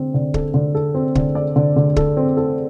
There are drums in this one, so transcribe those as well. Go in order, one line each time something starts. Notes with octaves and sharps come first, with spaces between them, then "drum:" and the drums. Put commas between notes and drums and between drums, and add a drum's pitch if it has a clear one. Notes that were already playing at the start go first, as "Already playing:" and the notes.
Already playing: D3 C4
D3
A4, drum: kick
D3
A4
C4
D3, drum: kick
D5
D3
D3
A4, drum: kick
C4
A4